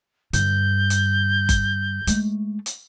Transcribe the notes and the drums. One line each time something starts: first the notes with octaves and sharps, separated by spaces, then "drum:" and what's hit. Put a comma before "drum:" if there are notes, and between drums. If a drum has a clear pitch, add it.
G2 D3 G6, drum: hi-hat
drum: hi-hat
drum: kick F#1, hi-hat
G#3 A3, drum: hi-hat
drum: hi-hat